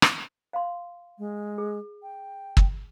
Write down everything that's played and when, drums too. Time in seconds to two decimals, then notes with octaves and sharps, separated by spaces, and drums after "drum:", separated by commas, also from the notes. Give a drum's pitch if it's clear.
0.02 drum: rim click
0.53 F5 C6
1.18 G#3
1.58 G#4
2.03 G5
2.57 drum: kick